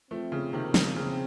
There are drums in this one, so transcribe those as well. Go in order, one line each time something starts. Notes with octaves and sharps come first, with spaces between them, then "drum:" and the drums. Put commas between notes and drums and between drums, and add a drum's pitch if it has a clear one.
F3 A3 C4
C#3 F3
C3 D#3 A#3
C#3, drum: snare
C#3 C4